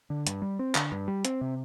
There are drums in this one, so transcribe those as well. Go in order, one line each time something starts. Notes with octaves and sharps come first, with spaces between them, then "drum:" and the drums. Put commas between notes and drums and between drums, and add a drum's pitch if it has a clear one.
D3
G2, drum: hi-hat
G3
C4
D3, drum: clap
G2
G3
C4, drum: hi-hat
C3